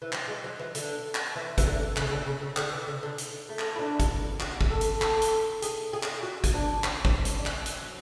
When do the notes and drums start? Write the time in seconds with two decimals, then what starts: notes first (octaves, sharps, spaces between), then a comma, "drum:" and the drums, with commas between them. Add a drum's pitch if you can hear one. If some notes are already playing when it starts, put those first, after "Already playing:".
0.02 E3
0.12 F#3, drum: clap
0.28 G#3
0.44 F#3
0.59 E3
0.75 D3, drum: hi-hat
1.15 drum: clap
1.36 E3
1.58 E3, drum: kick, hi-hat
1.66 D3
1.96 C#3, drum: clap
2.07 C#3
2.11 D3
2.26 C#3
2.42 C#3
2.57 D3, drum: clap
2.72 E3
2.88 C#3
3.03 D3
3.18 drum: hi-hat
3.49 A3
3.59 drum: clap
3.76 E4
3.79 D4
4.00 drum: kick, hi-hat
4.40 F#4, drum: clap
4.61 drum: kick
4.71 A4
4.81 drum: hi-hat
5.02 A4, drum: clap
5.22 drum: hi-hat
5.62 G#4, drum: hi-hat
5.93 G#4
6.03 drum: clap
6.23 F#4
6.44 drum: kick, hi-hat
6.54 D4
6.84 C#4, drum: clap
7.05 drum: kick
7.25 drum: hi-hat
7.39 D4
7.46 C#4, drum: clap
7.66 drum: hi-hat
7.76 F#3